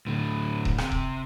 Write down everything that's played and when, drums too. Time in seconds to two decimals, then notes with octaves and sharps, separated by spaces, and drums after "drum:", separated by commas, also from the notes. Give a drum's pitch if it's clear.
0.07 A2 D3
0.65 drum: kick D#1
0.78 C3, drum: rim click
0.92 drum: kick D#1